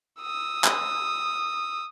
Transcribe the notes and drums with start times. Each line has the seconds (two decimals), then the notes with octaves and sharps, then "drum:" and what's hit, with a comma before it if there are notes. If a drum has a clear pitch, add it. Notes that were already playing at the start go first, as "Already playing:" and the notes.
0.21 D#6 E6
0.64 drum: clap